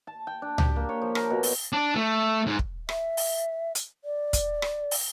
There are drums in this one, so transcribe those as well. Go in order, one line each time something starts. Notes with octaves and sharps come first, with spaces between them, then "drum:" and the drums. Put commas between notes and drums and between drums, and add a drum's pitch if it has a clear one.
A5
G5
D4
G4, drum: tom C#2
A#3
C#5
F3
A#4, drum: rim click
B2
drum: open hi-hat
D4
A3
G#2
drum: kick
E5, drum: rim click
drum: open hi-hat
drum: hi-hat
D5
drum: kick, hi-hat
drum: rim click
drum: open hi-hat